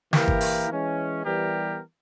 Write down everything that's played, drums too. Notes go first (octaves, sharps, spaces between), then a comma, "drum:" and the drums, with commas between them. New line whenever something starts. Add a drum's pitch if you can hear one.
E3 A#3 E4 G4 A#4, drum: snare
drum: kick
drum: open hi-hat
E3 G#3 C#4
E3 G3 B3 G4 A#4